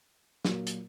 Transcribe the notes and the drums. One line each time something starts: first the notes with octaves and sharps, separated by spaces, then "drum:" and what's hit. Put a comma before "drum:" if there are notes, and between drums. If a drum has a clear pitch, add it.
A#2 F#3 A#3, drum: snare
drum: hi-hat